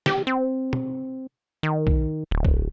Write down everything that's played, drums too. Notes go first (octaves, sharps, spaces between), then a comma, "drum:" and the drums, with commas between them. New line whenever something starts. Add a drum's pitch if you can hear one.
G4, drum: snare
C4
drum: tom
D#3
drum: kick B1
D1
drum: kick B1